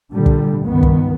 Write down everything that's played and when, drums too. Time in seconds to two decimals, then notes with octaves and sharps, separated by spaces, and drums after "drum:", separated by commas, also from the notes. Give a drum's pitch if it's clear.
0.12 A#2 D3 G3
0.26 drum: kick
0.66 C#2 G2 D#3 B3
0.83 drum: kick